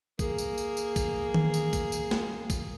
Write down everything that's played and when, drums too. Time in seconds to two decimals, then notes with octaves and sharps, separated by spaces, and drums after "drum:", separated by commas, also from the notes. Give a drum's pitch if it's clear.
0.19 A#3 G#4, drum: kick, tambourine
0.38 drum: tambourine
0.58 drum: tambourine
0.77 drum: tambourine
0.96 drum: kick, tambourine
1.34 drum: tom D#3
1.54 drum: tambourine
1.73 drum: kick, tambourine
1.92 drum: tambourine
2.11 drum: snare
2.50 drum: kick, tambourine